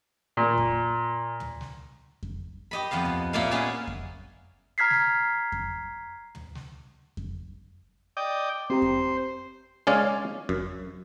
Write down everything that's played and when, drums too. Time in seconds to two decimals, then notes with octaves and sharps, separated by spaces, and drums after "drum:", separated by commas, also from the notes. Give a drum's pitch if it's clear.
0.37 A#2
0.58 drum: kick F2
1.40 drum: tom
1.61 drum: snare
2.23 drum: kick F2
2.71 G4 D#5 B5
2.91 F2 B3 D#5 F5
3.05 drum: tom
3.33 A#2 A#3 E4 D5 D#5 F5
3.51 A#3 B3 C#4 F4 G#4
3.87 drum: kick F2
4.78 A#5 F6 G#6 B6 C7
4.90 drum: snare
5.52 drum: kick F2
6.35 drum: tom
6.55 drum: snare
7.17 drum: kick F2
8.17 D5 D#5 G5
8.70 C4 G4 C5 A#5
8.82 drum: kick F2
9.87 G#3 C#4 C#5 D5 F5, drum: snare
10.49 F#2, drum: kick F2